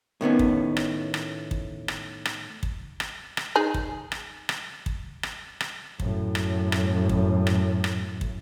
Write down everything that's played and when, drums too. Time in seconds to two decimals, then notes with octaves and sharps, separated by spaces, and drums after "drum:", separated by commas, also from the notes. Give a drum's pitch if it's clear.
0.21 A2 D#3 B3 C#4
0.39 drum: kick
0.77 drum: rim click
1.14 drum: rim click
1.51 drum: kick
1.88 drum: rim click
2.25 drum: rim click
2.63 drum: kick
3.00 drum: rim click
3.37 drum: rim click
3.56 D#4 G#4
3.74 drum: kick
4.12 drum: rim click
4.49 drum: rim click
4.86 drum: kick
5.23 drum: rim click
5.61 drum: rim click
6.00 F#2 A2, drum: kick
6.35 drum: rim click
6.72 drum: rim click
7.09 drum: kick
7.47 drum: rim click
7.84 drum: rim click
8.21 drum: kick